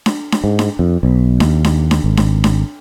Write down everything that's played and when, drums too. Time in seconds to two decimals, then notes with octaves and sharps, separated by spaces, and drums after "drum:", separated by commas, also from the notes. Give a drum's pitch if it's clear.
0.06 drum: snare D4
0.32 drum: snare D4
0.44 G#2
0.59 drum: snare D4
0.79 F2
1.03 B1
1.40 D#2, drum: snare D4
1.64 drum: snare D4
1.91 drum: snare D4
2.04 G#1
2.17 drum: snare D4
2.44 drum: snare D4